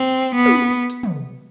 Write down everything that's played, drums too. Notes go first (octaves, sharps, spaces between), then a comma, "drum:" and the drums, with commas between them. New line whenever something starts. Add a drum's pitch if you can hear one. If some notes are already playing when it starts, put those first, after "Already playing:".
Already playing: C4
B3
drum: tom
drum: hi-hat
drum: tom